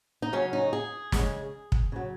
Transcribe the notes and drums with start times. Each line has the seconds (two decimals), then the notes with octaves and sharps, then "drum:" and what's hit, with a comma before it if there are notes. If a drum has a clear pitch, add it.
0.22 D#4
0.33 C#3 F#3 C#4
0.53 D#4
0.73 G#4
1.12 C#3 G#3, drum: snare
1.72 drum: kick
1.92 C#3 F#3